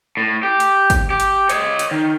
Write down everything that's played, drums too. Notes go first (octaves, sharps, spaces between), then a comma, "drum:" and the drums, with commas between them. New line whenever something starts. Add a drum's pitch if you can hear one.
A2
G4
drum: hi-hat
drum: kick, hi-hat
G4
drum: hi-hat
C#5 D#5, drum: hi-hat
drum: hi-hat
D#3